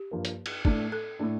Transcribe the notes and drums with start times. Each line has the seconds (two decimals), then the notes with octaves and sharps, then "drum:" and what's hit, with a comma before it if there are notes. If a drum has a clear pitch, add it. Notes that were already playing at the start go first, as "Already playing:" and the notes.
Already playing: G4
0.11 G2 F3 A#3
0.25 drum: hi-hat
0.46 drum: cymbal
0.65 A2 A3 D4, drum: kick
0.92 A4
1.19 A2 A3 D4